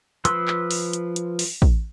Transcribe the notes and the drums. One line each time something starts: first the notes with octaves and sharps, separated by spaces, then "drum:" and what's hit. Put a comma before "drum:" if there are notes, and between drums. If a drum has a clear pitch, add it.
F3 B4 C6 E6, drum: hi-hat
drum: clap
drum: open hi-hat
drum: hi-hat
drum: hi-hat
drum: open hi-hat
drum: kick